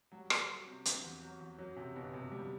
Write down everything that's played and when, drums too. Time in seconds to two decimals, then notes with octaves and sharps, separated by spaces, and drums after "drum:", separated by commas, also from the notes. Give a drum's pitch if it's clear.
0.12 F#3 G3
0.30 F#3, drum: rim click
0.49 F#3
0.67 C3
0.85 C4, drum: hi-hat
1.04 E2
1.22 F#3
1.40 E2
1.58 F#2 F#3
1.76 F#2 C3
1.95 G1 B2
2.13 G1 C3
2.32 G1 G3